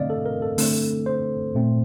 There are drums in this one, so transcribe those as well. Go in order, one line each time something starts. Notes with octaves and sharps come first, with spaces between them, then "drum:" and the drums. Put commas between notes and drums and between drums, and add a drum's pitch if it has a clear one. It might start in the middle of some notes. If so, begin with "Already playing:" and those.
Already playing: D3 A3 C4 D5 D#5 F5
A4
A#4
A4
D3 A3 C4 A4, drum: open hi-hat
C5
A#2 A3 C4